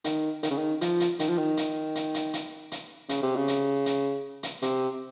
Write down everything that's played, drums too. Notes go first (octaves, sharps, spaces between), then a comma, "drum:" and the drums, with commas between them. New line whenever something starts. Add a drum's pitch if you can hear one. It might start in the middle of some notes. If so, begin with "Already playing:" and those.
D#3, drum: hi-hat
D#3, drum: hi-hat
C#3
D#3
F3, drum: hi-hat
drum: hi-hat
D#3, drum: hi-hat
F3
D#3
drum: hi-hat
drum: hi-hat
drum: hi-hat
drum: hi-hat
drum: hi-hat
C#3, drum: hi-hat
C3
C#3
drum: hi-hat
drum: hi-hat
drum: hi-hat
C3, drum: hi-hat